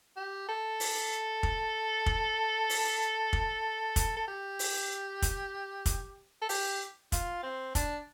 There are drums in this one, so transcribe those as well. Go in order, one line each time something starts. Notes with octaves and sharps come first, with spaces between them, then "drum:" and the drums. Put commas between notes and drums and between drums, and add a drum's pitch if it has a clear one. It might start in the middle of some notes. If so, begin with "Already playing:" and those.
G4
A4
drum: open hi-hat
drum: kick
drum: kick
drum: open hi-hat
drum: kick
drum: kick, hi-hat
A4
G4
drum: open hi-hat
drum: kick, hi-hat
drum: kick, hi-hat
A4
G4, drum: open hi-hat
F4, drum: kick, hi-hat
C4
D4, drum: kick, hi-hat